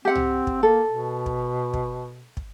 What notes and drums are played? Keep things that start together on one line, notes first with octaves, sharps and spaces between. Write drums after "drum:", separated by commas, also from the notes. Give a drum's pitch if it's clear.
C4 G4 F#5
drum: tom C2
drum: kick
A#3 A4
B2
drum: kick
drum: kick
drum: kick